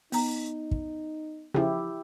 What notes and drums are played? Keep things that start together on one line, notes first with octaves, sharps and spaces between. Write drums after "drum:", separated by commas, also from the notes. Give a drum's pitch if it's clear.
B3 D#4 A#5, drum: open hi-hat
drum: kick
C#3 F3 E4 G4